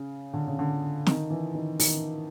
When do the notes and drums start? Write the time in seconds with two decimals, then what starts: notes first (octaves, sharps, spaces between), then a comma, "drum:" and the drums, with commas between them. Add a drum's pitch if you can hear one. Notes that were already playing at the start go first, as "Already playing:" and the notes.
Already playing: C#3
0.34 D3
0.47 C#3
0.59 D3
1.07 D#3, drum: snare
1.30 E3
1.55 D#3
1.80 D#3, drum: open hi-hat